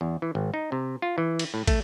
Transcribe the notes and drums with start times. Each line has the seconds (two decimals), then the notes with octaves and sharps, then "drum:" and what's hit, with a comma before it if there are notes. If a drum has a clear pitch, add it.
0.01 E2
0.22 E3
0.35 G#1
0.54 D#4
0.72 C3
1.02 F4
1.18 E3
1.39 drum: cymbal
1.54 A2
1.67 A3, drum: kick, cymbal